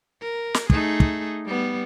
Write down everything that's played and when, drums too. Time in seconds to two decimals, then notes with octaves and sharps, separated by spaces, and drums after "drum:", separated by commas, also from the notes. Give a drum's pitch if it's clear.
0.21 A#4
0.54 drum: snare
0.70 A3 D#4 G#4, drum: kick
1.00 drum: kick
1.45 G3 B3